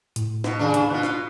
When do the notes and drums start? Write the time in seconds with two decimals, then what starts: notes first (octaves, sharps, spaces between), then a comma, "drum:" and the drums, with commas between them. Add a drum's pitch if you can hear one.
0.16 A2, drum: hi-hat
0.44 B2, drum: snare
0.59 D#2 C#3 D4
0.74 drum: hi-hat
0.90 B2 F4 F#6
1.03 drum: snare